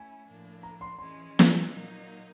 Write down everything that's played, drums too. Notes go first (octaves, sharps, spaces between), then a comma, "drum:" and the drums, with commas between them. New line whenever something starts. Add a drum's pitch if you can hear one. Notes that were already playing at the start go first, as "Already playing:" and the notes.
Already playing: A3 C#4 E4 G#5
A2 F3 A#3 D4
A#5
C6
E3 G#3 C#4 C6
drum: snare
A#2 F#3 A#3 D#4